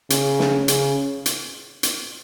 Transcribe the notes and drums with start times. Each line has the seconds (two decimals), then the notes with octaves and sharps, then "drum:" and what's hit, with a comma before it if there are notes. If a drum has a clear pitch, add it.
0.10 C#3, drum: hi-hat
0.39 drum: snare
0.68 C#3, drum: hi-hat
1.26 drum: hi-hat
1.83 drum: hi-hat